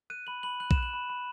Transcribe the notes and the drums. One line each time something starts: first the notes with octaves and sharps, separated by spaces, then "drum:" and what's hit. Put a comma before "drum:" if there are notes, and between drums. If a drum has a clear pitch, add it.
F#6 D#7
B5 F#7
B5 F#7
F#6 F#7
E7, drum: kick A#1
F#6 F#7
B5
B5